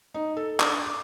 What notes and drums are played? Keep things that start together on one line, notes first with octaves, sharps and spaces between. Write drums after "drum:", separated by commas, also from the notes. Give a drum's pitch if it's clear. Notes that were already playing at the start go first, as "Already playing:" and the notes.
D#4
A4
D4, drum: clap
D6